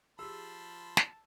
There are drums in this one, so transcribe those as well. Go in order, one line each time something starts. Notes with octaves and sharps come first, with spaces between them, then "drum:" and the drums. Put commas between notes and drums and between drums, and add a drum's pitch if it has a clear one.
F3 G4 G#4 A5 B5 C6 E6
drum: snare